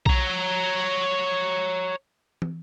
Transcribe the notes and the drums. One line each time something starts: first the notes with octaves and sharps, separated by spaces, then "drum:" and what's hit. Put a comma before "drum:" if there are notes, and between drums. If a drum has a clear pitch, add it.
C#5 A#5, drum: kick B1
drum: tom